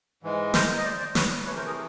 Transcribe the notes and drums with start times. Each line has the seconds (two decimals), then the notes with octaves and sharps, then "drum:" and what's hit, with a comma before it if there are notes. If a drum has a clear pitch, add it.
0.23 G#2 E3 G#3
0.54 A#4 C5, drum: snare
0.77 D#5
0.84 C5 D5
1.00 C5 D5
1.15 B4 C#5, drum: snare
1.46 C3 E3 A3 B4 C#5
1.56 A#4 C5
1.66 G#4 A#4